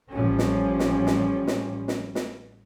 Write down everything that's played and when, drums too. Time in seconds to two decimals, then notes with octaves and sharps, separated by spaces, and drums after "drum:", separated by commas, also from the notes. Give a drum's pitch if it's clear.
0.11 A1 F3 G3 C#4
0.39 drum: snare
0.79 drum: snare
1.06 drum: snare
1.47 drum: snare
1.88 drum: snare
2.15 drum: snare